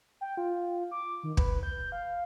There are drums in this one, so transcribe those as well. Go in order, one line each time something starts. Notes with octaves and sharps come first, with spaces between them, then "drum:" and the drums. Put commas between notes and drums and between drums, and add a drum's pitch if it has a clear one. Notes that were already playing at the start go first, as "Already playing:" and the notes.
G5
F4
D6
D#3
B4, drum: kick
G6
F5